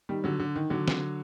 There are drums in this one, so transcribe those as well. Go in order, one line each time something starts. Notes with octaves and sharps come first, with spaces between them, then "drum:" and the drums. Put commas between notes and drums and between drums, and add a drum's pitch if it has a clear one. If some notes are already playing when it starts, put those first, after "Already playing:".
D#3 G3
D3 F#3
D3
D#3
D3 F#3
drum: snare